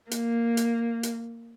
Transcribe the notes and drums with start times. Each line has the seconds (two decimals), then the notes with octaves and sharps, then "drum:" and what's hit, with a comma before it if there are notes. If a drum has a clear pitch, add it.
0.11 A#3, drum: hi-hat
0.57 drum: hi-hat
1.03 drum: hi-hat